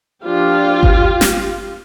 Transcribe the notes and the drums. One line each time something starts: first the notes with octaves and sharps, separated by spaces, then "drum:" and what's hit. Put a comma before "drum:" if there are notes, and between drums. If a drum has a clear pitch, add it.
F3 A#3 D4 F4 G4
drum: kick G1
drum: snare